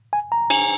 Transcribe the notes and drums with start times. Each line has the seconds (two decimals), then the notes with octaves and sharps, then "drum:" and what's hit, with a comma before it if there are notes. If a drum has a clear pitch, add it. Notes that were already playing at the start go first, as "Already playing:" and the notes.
0.13 G#5
0.32 A#5
0.50 G#5, drum: cymbal